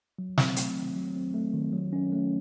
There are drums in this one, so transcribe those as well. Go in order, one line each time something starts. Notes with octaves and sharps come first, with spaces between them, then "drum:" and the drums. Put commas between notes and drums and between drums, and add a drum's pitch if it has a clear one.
F#3
C4, drum: snare
A3, drum: hi-hat
D#3
F#3
C4
A3
D#3
F#3
C#4
A3